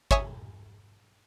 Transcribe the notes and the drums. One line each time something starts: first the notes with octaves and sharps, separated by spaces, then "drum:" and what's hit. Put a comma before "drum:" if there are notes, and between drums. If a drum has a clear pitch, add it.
C#5 E5 G#5 C#6 D#6, drum: kick